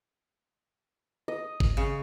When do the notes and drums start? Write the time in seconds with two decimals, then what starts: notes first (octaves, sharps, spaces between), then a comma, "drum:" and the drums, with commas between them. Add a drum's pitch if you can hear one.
1.28 D#5
1.60 drum: kick G1
1.77 C#3